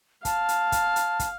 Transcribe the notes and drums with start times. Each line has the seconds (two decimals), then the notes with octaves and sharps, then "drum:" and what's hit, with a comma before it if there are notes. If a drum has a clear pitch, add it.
0.25 F5 A5, drum: kick, hi-hat
0.49 drum: hi-hat
0.72 drum: kick, hi-hat
0.96 drum: hi-hat
1.20 drum: kick, hi-hat